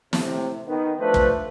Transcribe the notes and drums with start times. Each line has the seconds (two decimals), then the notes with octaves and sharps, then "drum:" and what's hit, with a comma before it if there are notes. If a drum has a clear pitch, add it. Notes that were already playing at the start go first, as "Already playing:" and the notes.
0.13 A2 C3, drum: snare
0.66 D#3 B3
0.98 F3 A3 D4 B4 C5
1.14 drum: kick